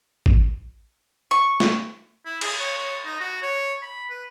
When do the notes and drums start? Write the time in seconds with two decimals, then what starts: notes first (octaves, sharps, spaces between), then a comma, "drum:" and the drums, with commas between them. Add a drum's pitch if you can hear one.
0.26 drum: kick A1
1.31 C#6
1.60 drum: snare
2.26 E4
2.41 G#4, drum: cymbal
2.60 C#5
2.78 C#5
3.05 D#4
3.20 F#4
3.42 C#5
3.82 B5
4.10 B4